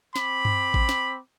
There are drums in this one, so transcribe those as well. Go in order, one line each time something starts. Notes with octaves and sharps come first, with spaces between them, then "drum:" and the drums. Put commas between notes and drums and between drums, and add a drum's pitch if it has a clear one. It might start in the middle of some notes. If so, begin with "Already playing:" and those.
C4 B5 D6, drum: snare
drum: tom G2
drum: kick A1
drum: snare